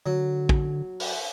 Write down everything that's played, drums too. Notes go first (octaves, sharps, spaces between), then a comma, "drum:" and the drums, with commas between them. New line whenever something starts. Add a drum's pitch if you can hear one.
D3 F#3
drum: kick
drum: open hi-hat